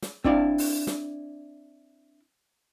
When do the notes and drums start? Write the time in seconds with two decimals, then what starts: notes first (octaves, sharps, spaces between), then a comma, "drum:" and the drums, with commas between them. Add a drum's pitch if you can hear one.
0.02 drum: snare
0.24 C4 D4 E4 D5 F5, drum: kick
0.58 drum: open hi-hat
0.87 drum: snare